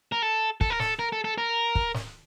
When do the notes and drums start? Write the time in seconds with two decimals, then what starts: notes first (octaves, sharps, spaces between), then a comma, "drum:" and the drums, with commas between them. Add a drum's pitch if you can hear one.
0.12 A#4
0.22 A4
0.61 A4, drum: kick
0.70 A#4
0.80 A4, drum: snare
0.99 A#4
1.12 A4
1.24 A4
1.38 A#4
1.75 drum: kick
1.94 drum: snare